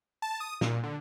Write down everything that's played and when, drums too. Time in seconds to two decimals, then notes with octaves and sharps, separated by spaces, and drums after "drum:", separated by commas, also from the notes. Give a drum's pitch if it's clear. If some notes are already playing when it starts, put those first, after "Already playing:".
0.22 A5
0.40 D#6
0.61 A#2, drum: snare
0.83 D3